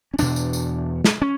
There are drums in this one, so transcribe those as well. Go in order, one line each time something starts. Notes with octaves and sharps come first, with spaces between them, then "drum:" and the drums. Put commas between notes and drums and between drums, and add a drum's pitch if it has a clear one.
C#4
E2 B2 D4, drum: tambourine
drum: tambourine
drum: tambourine
drum: snare
C#4